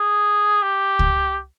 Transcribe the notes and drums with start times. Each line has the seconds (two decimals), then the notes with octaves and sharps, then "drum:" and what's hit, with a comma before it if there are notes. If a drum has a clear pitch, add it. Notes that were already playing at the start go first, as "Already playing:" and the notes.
Already playing: G#4
0.62 G4
0.99 drum: kick C#2